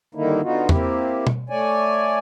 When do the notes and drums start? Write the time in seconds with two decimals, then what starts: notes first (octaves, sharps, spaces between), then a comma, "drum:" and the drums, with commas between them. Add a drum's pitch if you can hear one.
0.15 G2 D3 D#3 A#3 D#4 E4
0.42 D3 B3 D#4 F4 F#4
0.69 A#3 C4 E4 G4, drum: tom E2
1.27 drum: tom B2
1.50 A3 C#5 D5 G#5